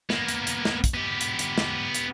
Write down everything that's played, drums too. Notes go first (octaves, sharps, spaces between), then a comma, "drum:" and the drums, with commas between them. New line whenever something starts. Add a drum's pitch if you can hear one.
A#3 B3, drum: snare
drum: hi-hat
drum: hi-hat
drum: snare
drum: kick, hi-hat
B3 G4
drum: hi-hat
drum: hi-hat
drum: snare
drum: hi-hat